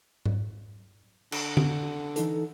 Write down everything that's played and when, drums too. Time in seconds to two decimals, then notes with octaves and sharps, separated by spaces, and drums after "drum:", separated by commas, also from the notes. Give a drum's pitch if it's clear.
0.26 drum: tom G#2
1.32 D3, drum: cymbal
1.57 drum: tom D3
2.16 E3 D#4 A4, drum: hi-hat